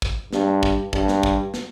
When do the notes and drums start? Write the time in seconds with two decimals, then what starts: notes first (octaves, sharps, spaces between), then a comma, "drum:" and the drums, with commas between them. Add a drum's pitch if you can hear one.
0.02 drum: kick
0.33 G2, drum: snare
0.63 drum: kick
0.93 G2, drum: kick
1.08 drum: snare
1.23 drum: kick
1.54 drum: snare